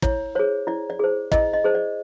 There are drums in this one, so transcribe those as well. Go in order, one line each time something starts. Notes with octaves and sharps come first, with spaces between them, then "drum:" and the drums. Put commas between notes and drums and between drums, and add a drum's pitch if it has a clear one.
E4 C#5, drum: kick
G#4 C5 C#5
E4 D5
D5
G#4 C5
E4 D#5, drum: kick
D#5
G#4 C5
D5